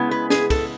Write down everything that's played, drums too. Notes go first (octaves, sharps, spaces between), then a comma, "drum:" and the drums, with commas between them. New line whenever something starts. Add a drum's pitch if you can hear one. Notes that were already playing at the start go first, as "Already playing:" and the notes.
Already playing: C#3 G#3 B3 E4
B4
G#4, drum: snare
A4, drum: kick, cymbal